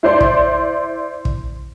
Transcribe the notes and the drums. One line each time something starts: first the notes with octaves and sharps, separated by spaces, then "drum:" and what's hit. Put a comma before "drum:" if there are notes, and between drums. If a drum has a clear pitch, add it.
E4 C5 D5 C6
drum: kick
drum: kick